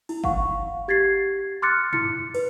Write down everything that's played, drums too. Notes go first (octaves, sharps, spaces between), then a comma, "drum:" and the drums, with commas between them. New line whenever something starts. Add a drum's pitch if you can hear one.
E4, drum: cymbal
F5 F#5 C#6, drum: kick G1
G4 G#6 A6 B6 C7
C6 D6 F6 F#6 A6 C#7
E4 C#7, drum: tom
B4, drum: cymbal